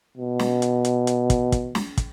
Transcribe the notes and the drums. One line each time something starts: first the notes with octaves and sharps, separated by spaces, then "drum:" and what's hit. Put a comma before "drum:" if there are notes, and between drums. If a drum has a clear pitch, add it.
B2
drum: snare
drum: hi-hat
drum: hi-hat
drum: hi-hat
drum: kick, hi-hat
drum: kick, hi-hat
drum: snare
drum: kick, hi-hat